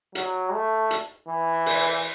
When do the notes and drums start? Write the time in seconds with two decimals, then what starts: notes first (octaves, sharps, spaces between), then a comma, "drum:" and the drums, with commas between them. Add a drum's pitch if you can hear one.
0.15 F#3, drum: hi-hat
0.53 A3
0.91 drum: hi-hat
1.28 E3
1.66 drum: open hi-hat